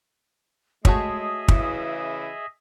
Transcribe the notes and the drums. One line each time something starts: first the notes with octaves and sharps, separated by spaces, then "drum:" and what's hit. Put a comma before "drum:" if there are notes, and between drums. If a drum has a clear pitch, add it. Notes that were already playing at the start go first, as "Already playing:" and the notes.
G#3 A3 F#4 G#4 C#5 D#5 E5 D#6, drum: kick
C#3 E3 E4, drum: kick